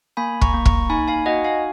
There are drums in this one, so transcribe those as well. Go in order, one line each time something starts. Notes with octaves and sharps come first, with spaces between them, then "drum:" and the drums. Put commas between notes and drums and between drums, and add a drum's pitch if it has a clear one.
A#3 G#5 B5
A#5 C#6, drum: kick
A#3
A#5 C#6, drum: kick
D#4 G#5 B5
F5 G#5
F#4 D#5 F#5
F5 G#5